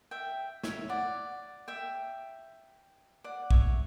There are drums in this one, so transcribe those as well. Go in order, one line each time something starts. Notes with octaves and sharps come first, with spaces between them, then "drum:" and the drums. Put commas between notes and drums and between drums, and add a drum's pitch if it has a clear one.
E5 G5
C#5 E5, drum: snare
D5 F#5
E5 G5
D5 F#5
C#5 E5, drum: kick A#1